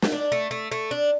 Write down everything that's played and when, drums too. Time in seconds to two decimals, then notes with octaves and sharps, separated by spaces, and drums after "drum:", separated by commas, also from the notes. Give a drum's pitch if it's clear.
0.02 drum: snare
0.12 D4
0.32 A3
0.51 A3
0.71 A3
0.91 D4